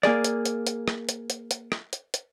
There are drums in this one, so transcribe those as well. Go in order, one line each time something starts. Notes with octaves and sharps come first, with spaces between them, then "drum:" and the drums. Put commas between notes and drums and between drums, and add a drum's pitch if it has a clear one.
A#3 G#4 D5, drum: rim click
drum: hi-hat
drum: hi-hat
drum: hi-hat
drum: rim click
drum: hi-hat
drum: hi-hat
drum: hi-hat
drum: rim click
drum: hi-hat
drum: hi-hat